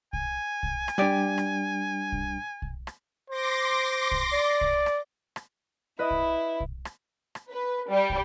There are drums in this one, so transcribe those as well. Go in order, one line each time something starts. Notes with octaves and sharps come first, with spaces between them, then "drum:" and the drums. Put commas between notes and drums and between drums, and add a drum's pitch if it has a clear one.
G#5, drum: kick
drum: kick
drum: rim click
G3 D4 G4 D5
drum: rim click
drum: kick
drum: kick
drum: rim click
C5 C6 D6 A#6
drum: kick
D5
drum: kick
drum: rim click
drum: rim click
E4 B4 D#5 D#6
drum: kick
drum: kick
drum: rim click
drum: rim click
B4
G3
drum: kick